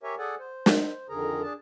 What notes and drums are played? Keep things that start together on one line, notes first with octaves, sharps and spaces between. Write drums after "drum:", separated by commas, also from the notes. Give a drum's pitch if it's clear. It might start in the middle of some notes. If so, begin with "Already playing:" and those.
G4 A#4 C#5 E5 G#5
G#4 A4 D5 F#5 G#5
C5
drum: snare
F2 D3 D#3 G#4 A#4 A#5
D4 G#4 A5